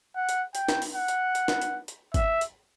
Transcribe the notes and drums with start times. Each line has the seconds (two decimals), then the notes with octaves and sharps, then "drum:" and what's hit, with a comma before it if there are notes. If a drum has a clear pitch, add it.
0.16 F#5
0.29 drum: hi-hat
0.55 G5, drum: hi-hat
0.69 drum: snare
0.82 drum: open hi-hat
0.95 F#5
1.08 drum: hi-hat
1.35 drum: hi-hat
1.48 drum: snare
1.62 drum: hi-hat
1.88 drum: hi-hat
2.14 E5, drum: kick, hi-hat
2.41 drum: hi-hat